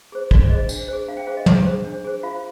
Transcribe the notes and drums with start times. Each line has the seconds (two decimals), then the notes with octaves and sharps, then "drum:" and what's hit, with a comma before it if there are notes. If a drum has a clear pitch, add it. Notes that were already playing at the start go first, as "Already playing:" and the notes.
0.12 G#4 C5
0.31 D4 D5, drum: kick
0.50 G#4 C5 D#5
0.69 D4, drum: tambourine
0.88 G#4 C5
1.08 D4 F5
1.17 G5
1.27 G#4 C5 F5
1.37 D#5
1.46 D4, drum: tom
1.66 G#4 C5
1.84 D4
2.04 G#4 C5
2.23 F4 F5